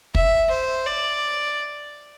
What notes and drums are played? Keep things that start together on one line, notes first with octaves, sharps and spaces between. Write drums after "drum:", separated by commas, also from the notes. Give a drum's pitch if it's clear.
E5, drum: kick
C5
D5